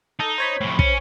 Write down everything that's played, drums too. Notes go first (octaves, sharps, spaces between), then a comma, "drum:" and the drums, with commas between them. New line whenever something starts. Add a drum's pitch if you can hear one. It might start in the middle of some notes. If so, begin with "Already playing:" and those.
D#4 A4
C5 C#5 B5
F2 A2
C#4, drum: kick